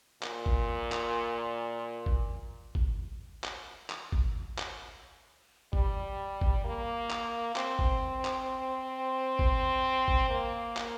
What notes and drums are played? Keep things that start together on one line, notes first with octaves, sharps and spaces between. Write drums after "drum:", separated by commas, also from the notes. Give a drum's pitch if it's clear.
A#2, drum: clap
drum: kick G#1
drum: clap
drum: kick G#1
drum: kick G#1
drum: clap
drum: clap
drum: kick G#1
drum: clap
G3, drum: kick G#1
drum: kick G#1
A#3
drum: clap
C4, drum: clap
drum: kick G#1
drum: clap
drum: kick G#1
drum: kick G#1
A#3
drum: clap